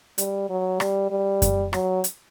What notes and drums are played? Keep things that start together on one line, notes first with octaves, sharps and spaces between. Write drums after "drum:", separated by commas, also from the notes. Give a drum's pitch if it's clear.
G3, drum: hi-hat
F#3
G3, drum: rim click
G3
drum: kick F#2, hi-hat
F#3, drum: rim click
drum: hi-hat